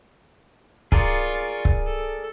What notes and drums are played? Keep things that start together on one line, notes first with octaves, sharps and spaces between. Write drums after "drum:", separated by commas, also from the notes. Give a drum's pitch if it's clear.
F4 G#4 A#4 D5 C#6, drum: kick C#1
drum: kick C#1
A4